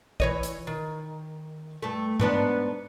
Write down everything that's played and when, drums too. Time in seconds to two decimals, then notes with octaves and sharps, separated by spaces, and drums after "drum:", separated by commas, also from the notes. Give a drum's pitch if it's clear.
0.20 E3 C#5 D#5, drum: kick
0.43 drum: hi-hat
0.67 D#3
1.82 G2 A3
2.20 G#2 B3 D4, drum: tom G2